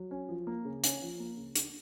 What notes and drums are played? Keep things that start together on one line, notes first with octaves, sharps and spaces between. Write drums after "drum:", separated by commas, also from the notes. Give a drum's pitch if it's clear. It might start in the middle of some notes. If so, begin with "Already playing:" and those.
Already playing: F#3
C#4
F3
A#3
C#3
C#4, drum: hi-hat
F3
A#3
C#3
D4, drum: hi-hat